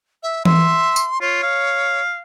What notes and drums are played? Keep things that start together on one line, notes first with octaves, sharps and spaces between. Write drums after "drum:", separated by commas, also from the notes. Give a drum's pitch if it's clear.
E5
E5 C6, drum: tom E3
drum: tambourine
F4 C#5
F5